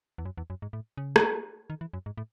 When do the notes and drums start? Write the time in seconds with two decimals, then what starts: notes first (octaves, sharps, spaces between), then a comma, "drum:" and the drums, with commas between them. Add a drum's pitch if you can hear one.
0.18 E2
0.25 F#2
0.37 E2
0.50 F#2
0.62 G#2
0.73 A2
0.97 C#3
1.16 drum: rim click
1.70 D#3
1.81 E3
1.93 F#2
2.06 G#2
2.17 A2